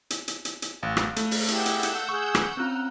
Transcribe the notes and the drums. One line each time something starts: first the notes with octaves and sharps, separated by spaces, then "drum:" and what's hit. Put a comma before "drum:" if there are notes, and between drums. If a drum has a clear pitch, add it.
drum: hi-hat
drum: hi-hat
drum: hi-hat
drum: hi-hat
A1 F5 F#6
drum: rim click
A3 B5, drum: hi-hat
drum: open hi-hat
E4 G4 G#4 F#5 E6 G6, drum: hi-hat
drum: hi-hat
drum: hi-hat
G#4 C#6
drum: rim click
C4 C#4 F4 A#5 F6 F#6